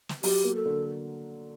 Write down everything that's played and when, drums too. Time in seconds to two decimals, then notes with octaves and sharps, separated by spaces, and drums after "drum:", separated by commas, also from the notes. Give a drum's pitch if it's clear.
0.09 drum: snare
0.23 F#3 G4, drum: open hi-hat
0.44 A#3
0.55 A4
0.66 D3